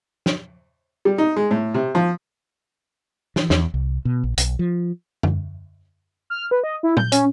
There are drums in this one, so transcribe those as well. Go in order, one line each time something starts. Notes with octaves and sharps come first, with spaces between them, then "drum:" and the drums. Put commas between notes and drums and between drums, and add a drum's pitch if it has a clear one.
drum: snare
G3
D#4
G#3
A2
C3
F3
E3, drum: snare
E2, drum: snare
C2
B2
A#1
B1, drum: hi-hat
F3
drum: tom
F6
B4
D#5
E4
G6, drum: tom A#2
C#4, drum: hi-hat